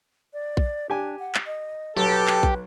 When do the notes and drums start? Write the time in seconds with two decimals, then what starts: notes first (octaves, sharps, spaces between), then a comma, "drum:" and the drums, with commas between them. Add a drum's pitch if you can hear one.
0.33 D5
0.57 drum: kick A#1
0.90 D4 G4 G#5
1.19 F#5
1.35 drum: clap
1.46 D#5
1.96 B1 G4 A4 B4
2.28 drum: clap
2.43 drum: kick A#1